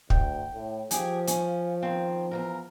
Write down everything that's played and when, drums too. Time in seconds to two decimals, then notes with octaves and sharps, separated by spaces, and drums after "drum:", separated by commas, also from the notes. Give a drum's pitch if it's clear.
0.10 D2 G5, drum: kick
0.54 A2
0.91 F3 G4 G#4 G#5, drum: hi-hat
1.27 C#4, drum: hi-hat
1.83 D#3 C4
2.31 E2 A#2 A#4